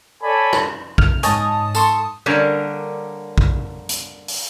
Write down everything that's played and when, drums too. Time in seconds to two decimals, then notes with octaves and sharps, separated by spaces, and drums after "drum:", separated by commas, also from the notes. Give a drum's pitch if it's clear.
0.23 A4 C#5 D5 G#5 B5
0.53 drum: rim click
0.98 F6, drum: kick A#1
1.23 G#2 C#5 D#5 G#5 A5 D#6, drum: hi-hat
1.75 A4 C6 C#6, drum: tambourine
2.26 D3 G3 A#3 C#4 A#4
3.38 drum: kick A#1
3.89 drum: hi-hat
4.28 drum: open hi-hat